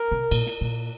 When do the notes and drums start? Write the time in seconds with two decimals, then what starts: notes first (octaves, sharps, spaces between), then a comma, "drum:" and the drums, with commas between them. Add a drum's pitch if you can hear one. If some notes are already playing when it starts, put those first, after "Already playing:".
Already playing: A#4
0.12 C3
0.31 A#2, drum: cymbal
0.46 drum: snare
0.61 A#2